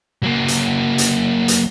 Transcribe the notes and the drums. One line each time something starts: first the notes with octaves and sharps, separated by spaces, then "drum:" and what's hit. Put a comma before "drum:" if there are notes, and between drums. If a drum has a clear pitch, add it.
F#3 A#3
drum: hi-hat
drum: hi-hat
drum: hi-hat